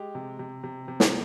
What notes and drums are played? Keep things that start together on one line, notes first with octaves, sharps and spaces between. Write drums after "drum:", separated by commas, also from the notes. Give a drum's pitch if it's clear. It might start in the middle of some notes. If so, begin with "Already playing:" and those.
Already playing: G#3 G4
C3
C3
C3
C3
drum: snare